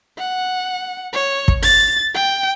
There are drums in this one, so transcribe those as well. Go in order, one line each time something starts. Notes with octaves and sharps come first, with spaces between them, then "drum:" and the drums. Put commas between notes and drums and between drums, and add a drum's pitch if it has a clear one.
F#5
C#5
drum: kick
A6, drum: open hi-hat
G5